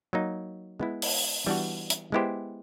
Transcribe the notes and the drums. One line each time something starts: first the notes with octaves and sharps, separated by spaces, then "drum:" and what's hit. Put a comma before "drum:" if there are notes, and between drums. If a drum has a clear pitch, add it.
F#3 A#3 D#4
G#3 B3 E4
drum: open hi-hat
E3 G3 B3 D4 F#4
drum: hi-hat
G#3 B3 E4 G4 C5